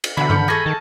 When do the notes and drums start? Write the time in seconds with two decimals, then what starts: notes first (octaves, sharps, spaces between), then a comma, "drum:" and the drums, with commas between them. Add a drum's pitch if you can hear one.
0.04 drum: cymbal
0.17 B2 D3 E3 F#5 B5
0.30 F6 G6 C#7, drum: tom G2
0.48 G#4 A4 C#6 A#6 D#7
0.66 D#3 A5